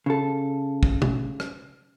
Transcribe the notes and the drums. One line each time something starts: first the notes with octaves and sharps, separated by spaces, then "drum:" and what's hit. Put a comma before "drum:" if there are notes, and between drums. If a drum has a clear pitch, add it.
C#3 A4
drum: kick
drum: tom
drum: rim click